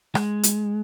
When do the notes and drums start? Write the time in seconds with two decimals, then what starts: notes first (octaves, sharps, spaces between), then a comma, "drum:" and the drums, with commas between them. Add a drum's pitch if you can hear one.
0.15 G#3, drum: rim click
0.43 drum: hi-hat